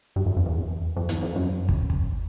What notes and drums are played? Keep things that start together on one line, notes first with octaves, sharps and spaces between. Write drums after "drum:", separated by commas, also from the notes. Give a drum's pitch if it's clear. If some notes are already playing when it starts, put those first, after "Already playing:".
G2
F#2
F2
E2
F2
E2, drum: hi-hat
F2
F#2
drum: kick
drum: kick